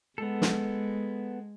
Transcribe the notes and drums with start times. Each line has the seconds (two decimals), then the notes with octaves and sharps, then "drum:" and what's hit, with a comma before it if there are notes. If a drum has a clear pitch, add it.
0.18 G#3 B3 A4
0.42 drum: snare